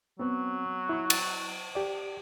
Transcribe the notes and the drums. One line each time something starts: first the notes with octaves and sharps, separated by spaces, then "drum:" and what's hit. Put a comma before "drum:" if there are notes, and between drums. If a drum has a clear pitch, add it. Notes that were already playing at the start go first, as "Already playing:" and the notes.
F#3 B3 C4
E4 C#6
A6, drum: cymbal
G4 D5